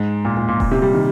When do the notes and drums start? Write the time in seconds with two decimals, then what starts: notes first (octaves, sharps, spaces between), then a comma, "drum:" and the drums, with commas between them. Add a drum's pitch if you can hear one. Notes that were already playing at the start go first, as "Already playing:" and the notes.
Already playing: G#2
0.25 A#2
0.37 A#2
0.48 A#2
0.60 A#2, drum: kick D#1
0.71 C3
0.82 G3
0.94 D#3 G4